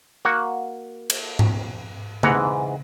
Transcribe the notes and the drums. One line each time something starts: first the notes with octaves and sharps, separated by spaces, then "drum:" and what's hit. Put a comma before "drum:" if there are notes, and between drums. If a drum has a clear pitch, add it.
A#3 F#4 F#5
drum: cymbal
drum: tom G#2
G#2 E3 F#5 A#5, drum: tom C#3